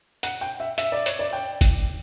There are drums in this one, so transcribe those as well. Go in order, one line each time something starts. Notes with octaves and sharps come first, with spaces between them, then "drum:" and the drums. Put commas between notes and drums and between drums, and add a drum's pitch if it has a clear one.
F#5, drum: hi-hat
G5
E5
E5, drum: hi-hat
D5
C#5, drum: hi-hat
D5
G5
drum: kick, hi-hat